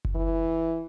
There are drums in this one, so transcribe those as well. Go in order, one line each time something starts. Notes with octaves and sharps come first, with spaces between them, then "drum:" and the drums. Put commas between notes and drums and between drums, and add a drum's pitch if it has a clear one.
drum: kick F#1
E3